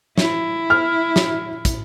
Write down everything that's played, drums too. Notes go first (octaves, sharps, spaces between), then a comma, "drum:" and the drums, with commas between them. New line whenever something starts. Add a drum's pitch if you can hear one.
E4, drum: snare
F6
drum: snare
drum: kick, hi-hat